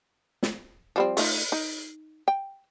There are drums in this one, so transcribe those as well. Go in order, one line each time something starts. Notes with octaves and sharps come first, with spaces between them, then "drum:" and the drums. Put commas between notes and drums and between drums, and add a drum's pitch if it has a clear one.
drum: snare
F3 G3 C4
A3 D#4 F4, drum: open hi-hat
D#4
G5